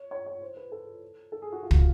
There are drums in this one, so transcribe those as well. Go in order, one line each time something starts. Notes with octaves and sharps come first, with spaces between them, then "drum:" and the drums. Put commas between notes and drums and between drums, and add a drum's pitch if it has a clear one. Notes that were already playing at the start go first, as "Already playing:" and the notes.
Already playing: C#5
C#5
C#5
C5
B4
A4
A4
G#4
F#4
F4
F#4, drum: kick
F4